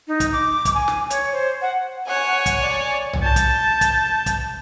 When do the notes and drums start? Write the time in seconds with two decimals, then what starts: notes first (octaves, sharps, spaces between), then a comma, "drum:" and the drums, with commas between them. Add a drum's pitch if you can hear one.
0.08 D#4
0.20 drum: kick, hi-hat
0.33 D6
0.65 drum: kick, hi-hat
0.74 G#5
0.88 drum: snare
1.10 C#5, drum: hi-hat
1.33 C5
1.62 F#5
2.07 C#5 F#5 G#5
2.46 drum: kick, hi-hat
2.61 D5
3.13 drum: tom B1
3.23 A5 G6
3.36 drum: kick, hi-hat
3.81 drum: kick, hi-hat
4.26 drum: kick, hi-hat